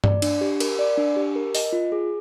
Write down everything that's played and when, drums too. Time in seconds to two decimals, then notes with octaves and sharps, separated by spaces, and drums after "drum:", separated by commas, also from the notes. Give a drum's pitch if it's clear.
0.04 D5, drum: tom G2
0.22 D4, drum: cymbal
0.41 G4
0.60 A#4, drum: cymbal
0.79 D5
0.98 D4
1.16 G4
1.36 A#4
1.55 D#5, drum: open hi-hat
1.73 F4
1.92 G#4